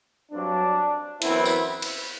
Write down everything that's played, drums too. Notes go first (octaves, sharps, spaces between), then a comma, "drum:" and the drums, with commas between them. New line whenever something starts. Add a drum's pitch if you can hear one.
G2 F#3 C4 D4
F#2 E3 B3 C4 E4, drum: hi-hat
drum: tambourine
drum: cymbal